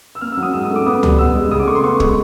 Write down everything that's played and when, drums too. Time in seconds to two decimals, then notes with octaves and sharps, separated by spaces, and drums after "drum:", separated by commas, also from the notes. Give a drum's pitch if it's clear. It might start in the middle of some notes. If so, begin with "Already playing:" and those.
0.15 E6
0.21 A#3 F6
0.32 E6
0.37 F#3
0.43 D#6
0.54 G#2 E6
0.65 D#6
0.71 A3
0.76 D6
0.86 B3 D#6
1.03 G3, drum: tom C#2
1.18 B3 E6
1.35 G#3
1.51 C#3 D#6
1.60 D6
1.67 A3 C#6
1.75 C6
1.84 B3 C#6
2.00 G#3, drum: kick